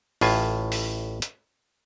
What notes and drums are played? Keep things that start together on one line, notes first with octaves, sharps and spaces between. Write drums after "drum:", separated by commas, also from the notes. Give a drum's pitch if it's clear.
A1 A2 F4 G#5, drum: open hi-hat
drum: open hi-hat
drum: hi-hat